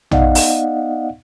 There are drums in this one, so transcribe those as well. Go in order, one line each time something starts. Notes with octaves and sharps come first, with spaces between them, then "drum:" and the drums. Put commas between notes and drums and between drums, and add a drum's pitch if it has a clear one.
B3 D#4 D5 D#5 F5 F#5, drum: tom
drum: open hi-hat